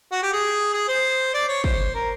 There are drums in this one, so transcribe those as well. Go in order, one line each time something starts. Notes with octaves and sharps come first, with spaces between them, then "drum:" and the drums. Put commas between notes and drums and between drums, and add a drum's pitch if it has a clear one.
F#4
G4
G#4
G#4
C5
D5
C#5
C5, drum: kick
A#4